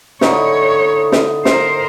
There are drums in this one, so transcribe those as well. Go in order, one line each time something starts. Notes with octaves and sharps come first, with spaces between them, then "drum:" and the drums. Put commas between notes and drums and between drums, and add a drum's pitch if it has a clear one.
D3 D#4 E4 C#5, drum: snare
drum: snare
A#4 C5, drum: snare